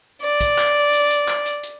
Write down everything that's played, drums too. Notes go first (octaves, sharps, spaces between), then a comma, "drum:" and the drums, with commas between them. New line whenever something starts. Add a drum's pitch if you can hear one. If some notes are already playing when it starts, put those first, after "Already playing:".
D5
drum: kick, hi-hat
drum: clap
drum: hi-hat
drum: hi-hat
drum: clap
drum: hi-hat
drum: hi-hat